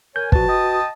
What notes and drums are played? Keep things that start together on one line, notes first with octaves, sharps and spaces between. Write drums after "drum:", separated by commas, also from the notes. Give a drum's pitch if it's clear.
A#4 C#5 G#5 G6
A#2 F3 F#4 B4 A5, drum: kick
D#5 G5 D#6